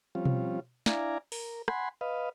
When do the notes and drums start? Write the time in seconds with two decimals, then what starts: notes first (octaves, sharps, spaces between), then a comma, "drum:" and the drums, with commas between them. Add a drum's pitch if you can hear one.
0.15 F3 G3 C4 C#4 F4
0.25 drum: tom B2
0.86 D4 E4 D5 F5 G#5 A#5, drum: snare
1.32 A#4, drum: open hi-hat
1.68 F#5 G#5 B5 C6, drum: rim click
2.01 B4 D#5 F5